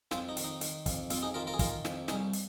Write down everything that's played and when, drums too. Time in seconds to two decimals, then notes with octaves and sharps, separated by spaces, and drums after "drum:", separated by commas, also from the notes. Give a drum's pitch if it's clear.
0.11 F2 C4 F4, drum: snare
0.29 D#4
0.37 D#3, drum: hi-hat
0.44 D#4
0.61 D#3, drum: hi-hat
0.86 F2, drum: kick, hi-hat
1.10 F2 C4 F4, drum: hi-hat
1.22 D#4 G#4
1.34 D#3 F4 A#4
1.47 F4 A#4
1.53 G#4
1.59 D#3 F4 A#4, drum: kick, hi-hat
1.85 F2, drum: snare
2.08 C2 D#4 G#4, drum: snare
2.33 drum: hi-hat